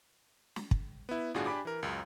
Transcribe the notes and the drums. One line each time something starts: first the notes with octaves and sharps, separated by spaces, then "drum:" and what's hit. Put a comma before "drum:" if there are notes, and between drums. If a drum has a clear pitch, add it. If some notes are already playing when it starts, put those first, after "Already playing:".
drum: snare
drum: kick
B3 E4
G1 A2 D4 F4 F#4 G#4
D4 G4 G#5 B5 D6
E3 A#4
C#2 F#2 C#3